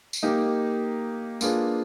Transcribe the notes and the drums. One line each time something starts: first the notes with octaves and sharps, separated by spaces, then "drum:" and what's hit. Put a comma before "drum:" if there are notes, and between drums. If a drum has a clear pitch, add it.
drum: tambourine
A#3 D#4 G4
A#3 D4 F4 G#4 B4, drum: tambourine